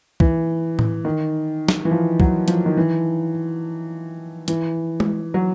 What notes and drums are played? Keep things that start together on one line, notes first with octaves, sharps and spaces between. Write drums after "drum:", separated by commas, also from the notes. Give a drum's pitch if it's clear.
E3, drum: kick
drum: tom A2
D#3
drum: snare
E3
F3
F#3, drum: kick
F3, drum: hi-hat
D#3
E3
E3, drum: hi-hat
drum: tom G#3
F#3